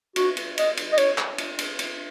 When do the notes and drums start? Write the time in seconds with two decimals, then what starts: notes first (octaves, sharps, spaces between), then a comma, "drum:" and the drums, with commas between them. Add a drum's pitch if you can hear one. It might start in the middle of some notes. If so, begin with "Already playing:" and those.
0.16 F#4, drum: cymbal
0.37 drum: cymbal
0.58 D#5, drum: cymbal
0.77 drum: cymbal
0.92 D#5
0.98 C#5, drum: cymbal
1.18 drum: clap
1.38 drum: cymbal
1.59 drum: cymbal
1.79 drum: cymbal